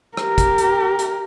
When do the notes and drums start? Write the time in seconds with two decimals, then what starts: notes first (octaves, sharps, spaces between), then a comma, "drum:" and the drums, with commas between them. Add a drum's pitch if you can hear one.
0.17 G4 A#4, drum: rim click
0.38 drum: kick, hi-hat
0.58 drum: hi-hat
0.99 drum: hi-hat